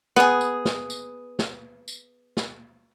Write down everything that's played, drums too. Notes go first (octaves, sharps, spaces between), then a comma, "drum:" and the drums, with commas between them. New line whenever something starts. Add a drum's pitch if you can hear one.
B3 G#4, drum: snare
drum: tambourine
drum: snare
drum: tambourine
drum: snare
drum: tambourine
drum: snare